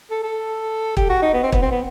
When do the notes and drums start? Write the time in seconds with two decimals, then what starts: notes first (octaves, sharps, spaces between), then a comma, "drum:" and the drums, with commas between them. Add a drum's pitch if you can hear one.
0.11 A4
0.23 A4
0.97 G4, drum: kick
1.10 F#4
1.22 D#4
1.34 B3
1.43 C4
1.52 B3, drum: kick
1.62 C4
1.71 B3